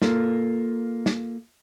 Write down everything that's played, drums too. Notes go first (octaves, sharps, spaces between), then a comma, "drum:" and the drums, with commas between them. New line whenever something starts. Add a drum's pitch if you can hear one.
A#3 F4 A4 A#4, drum: snare
drum: snare